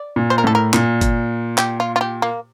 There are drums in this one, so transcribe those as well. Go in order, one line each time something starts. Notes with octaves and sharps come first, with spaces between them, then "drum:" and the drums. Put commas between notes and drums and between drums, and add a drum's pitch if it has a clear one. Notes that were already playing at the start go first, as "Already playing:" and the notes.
Already playing: D5
A#2
C5
A#4
A2 A4
A#4
A#2, drum: clap
drum: kick G1, hi-hat
G4, drum: clap
F4
F4
G4
A#3